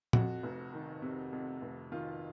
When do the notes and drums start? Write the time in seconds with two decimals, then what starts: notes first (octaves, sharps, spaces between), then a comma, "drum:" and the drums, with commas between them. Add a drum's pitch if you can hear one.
0.13 F2 F#4, drum: tom A#2
0.43 F1
0.73 D#3
1.02 C3
1.33 F2
1.62 F1
1.92 D#3 F4